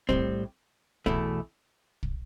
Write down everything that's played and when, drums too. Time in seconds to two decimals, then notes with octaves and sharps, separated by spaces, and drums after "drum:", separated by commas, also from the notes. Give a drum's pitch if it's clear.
0.09 A2 G3 C4, drum: kick
1.06 E2 B2 A3 E4, drum: kick
2.03 drum: kick